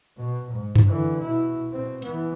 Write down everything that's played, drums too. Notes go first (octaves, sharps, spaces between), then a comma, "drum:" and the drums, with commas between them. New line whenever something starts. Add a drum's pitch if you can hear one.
B2
G#2
drum: tom F#2
D3 E3
B2 E4
B2 C4
E3 B3, drum: hi-hat